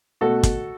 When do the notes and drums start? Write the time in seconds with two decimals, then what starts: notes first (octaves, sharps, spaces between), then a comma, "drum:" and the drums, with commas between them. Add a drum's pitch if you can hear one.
0.21 B2 A3 F#4 A4
0.43 drum: kick, hi-hat